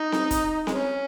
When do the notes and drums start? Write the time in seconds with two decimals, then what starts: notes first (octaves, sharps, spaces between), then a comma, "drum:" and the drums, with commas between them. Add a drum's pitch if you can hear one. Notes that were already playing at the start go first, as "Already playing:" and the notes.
Already playing: D#4
0.12 drum: snare C4
0.31 drum: kick, hi-hat
0.67 G#3 C#4, drum: snare C4